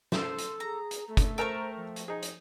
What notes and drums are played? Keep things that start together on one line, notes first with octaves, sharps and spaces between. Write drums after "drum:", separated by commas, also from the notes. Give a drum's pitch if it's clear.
A4 C5, drum: snare
drum: hi-hat
G#4 A#5
drum: hi-hat
A3 A4
drum: kick, hi-hat
A4 A#4 C5 G5 A5 A#5 C#6
F3
drum: hi-hat
D#4 G#4
drum: hi-hat